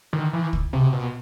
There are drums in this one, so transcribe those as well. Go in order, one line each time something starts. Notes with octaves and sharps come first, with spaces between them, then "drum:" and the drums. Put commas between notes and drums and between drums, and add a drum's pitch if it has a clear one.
D#3
E3
drum: kick C#2
C3
B2